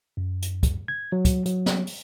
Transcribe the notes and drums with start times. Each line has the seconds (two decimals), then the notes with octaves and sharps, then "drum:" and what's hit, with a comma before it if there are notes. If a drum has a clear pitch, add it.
0.17 F#2
0.42 drum: hi-hat
0.63 drum: kick, hi-hat
0.88 G#6
1.12 F#3
1.25 drum: kick, hi-hat
1.45 F#3, drum: hi-hat
1.66 drum: snare
1.87 drum: open hi-hat